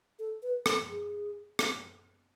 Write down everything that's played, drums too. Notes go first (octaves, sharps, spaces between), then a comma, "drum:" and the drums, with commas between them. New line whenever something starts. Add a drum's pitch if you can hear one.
A4
B4
A4, drum: rim click
G#4
drum: rim click